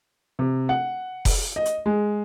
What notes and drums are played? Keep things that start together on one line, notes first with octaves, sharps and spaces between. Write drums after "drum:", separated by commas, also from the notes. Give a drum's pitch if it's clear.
C3
F#5
drum: kick F1, open hi-hat
D#5
drum: hi-hat
G#3